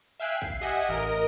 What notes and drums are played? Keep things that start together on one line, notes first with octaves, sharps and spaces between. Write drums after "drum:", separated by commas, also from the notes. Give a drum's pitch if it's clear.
E5 F5 G5 G#5 E6 F#6
C7, drum: kick A1
G4 D#5 E5 F#5 G#5
A1 A#4 D#5 A#6 D7